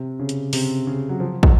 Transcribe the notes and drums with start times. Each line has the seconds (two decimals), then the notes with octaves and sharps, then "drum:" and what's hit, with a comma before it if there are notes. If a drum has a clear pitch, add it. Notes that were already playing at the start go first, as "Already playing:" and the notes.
Already playing: C3
0.19 C#3
0.29 drum: hi-hat
0.53 C3, drum: open hi-hat
0.87 C#3
1.09 F#3
1.20 F3
1.43 F#3, drum: kick